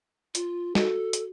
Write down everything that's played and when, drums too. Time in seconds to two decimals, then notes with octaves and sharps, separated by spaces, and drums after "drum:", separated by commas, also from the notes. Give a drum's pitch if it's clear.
0.35 F4, drum: hi-hat
0.75 F#4 A4, drum: snare
1.13 drum: hi-hat